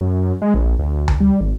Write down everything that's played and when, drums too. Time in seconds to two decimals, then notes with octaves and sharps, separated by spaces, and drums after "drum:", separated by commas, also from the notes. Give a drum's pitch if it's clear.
0.01 F#2
0.42 G#3
0.54 A#1
0.79 D2
1.08 drum: tom D2
1.20 G3
1.41 G#1